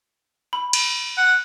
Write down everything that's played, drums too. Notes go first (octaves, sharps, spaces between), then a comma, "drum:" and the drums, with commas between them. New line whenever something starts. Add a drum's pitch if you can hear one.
B5
drum: cymbal
F#5